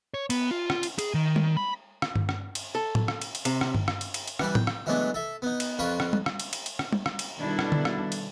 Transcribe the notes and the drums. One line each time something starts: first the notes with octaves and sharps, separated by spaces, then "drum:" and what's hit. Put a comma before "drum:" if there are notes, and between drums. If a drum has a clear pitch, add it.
C#5
B3, drum: cymbal
F4
drum: rim click
drum: cymbal
G#4, drum: cymbal
D#3
drum: tom G3
B5
drum: rim click
drum: tom G2
drum: rim click
drum: cymbal
A4
drum: tom A2
drum: rim click
drum: cymbal
drum: cymbal
C3, drum: cymbal
drum: rim click
drum: tom G2
drum: rim click
drum: cymbal
drum: cymbal
drum: cymbal
E3 G3 B4, drum: rim click
G5, drum: tom A2
drum: rim click
E3 F#3 G#3 A3 B3 D4
A4 E5
B3 D#4
drum: cymbal
F2 F4 B4 C#6
drum: rim click
drum: tom G3
drum: rim click
drum: cymbal
drum: cymbal
drum: cymbal
drum: rim click
drum: tom G3
drum: rim click
drum: cymbal
B2 D#3 G3 D4 E4 A4
drum: rim click
drum: tom D3
drum: rim click
drum: cymbal